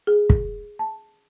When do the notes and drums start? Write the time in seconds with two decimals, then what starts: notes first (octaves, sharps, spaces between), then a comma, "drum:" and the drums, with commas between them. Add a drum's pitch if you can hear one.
0.07 G#4
0.30 drum: kick
0.79 A5